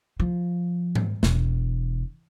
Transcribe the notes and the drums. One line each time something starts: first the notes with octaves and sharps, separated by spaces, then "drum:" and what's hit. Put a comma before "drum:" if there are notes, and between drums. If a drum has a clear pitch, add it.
F3
drum: tom G#2
E1, drum: snare